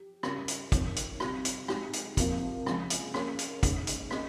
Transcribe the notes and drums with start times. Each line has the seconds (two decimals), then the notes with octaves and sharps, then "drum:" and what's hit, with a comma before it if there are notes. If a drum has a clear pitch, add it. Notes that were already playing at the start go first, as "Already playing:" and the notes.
Already playing: G4
0.23 C#3 G3 C#4 F4 A#4, drum: rim click
0.48 drum: hi-hat
0.72 F3 C4 D#4 A#4 C#5, drum: kick, hi-hat
0.96 drum: hi-hat
1.20 C3 G3 C4 F4, drum: rim click
1.45 drum: hi-hat
1.68 G#3 D#4 G4, drum: rim click
1.93 drum: hi-hat
2.17 C3 F3 A#3, drum: kick, hi-hat
2.66 C#3 F3 G#3, drum: rim click
2.90 drum: hi-hat
3.14 A#3 C#4 G#4 C#5, drum: rim click
3.39 drum: hi-hat
3.63 C#3 G#3 D#4 G#4 C#5, drum: kick, hi-hat
3.87 drum: hi-hat
4.11 A#3 C#4 G#4 D#5, drum: rim click